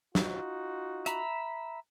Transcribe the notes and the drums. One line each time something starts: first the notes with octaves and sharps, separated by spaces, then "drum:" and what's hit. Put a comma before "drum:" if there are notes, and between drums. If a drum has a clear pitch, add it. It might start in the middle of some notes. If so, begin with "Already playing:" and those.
D#4 F4 F#4, drum: snare
E5 A#5 B5, drum: hi-hat